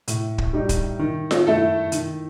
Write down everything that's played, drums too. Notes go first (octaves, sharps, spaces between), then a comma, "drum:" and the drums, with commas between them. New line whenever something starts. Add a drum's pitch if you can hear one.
A2, drum: hi-hat
drum: kick
G3 D#4
drum: kick, hi-hat
D#3
drum: snare F4
A3 E4 A4
D#3, drum: hi-hat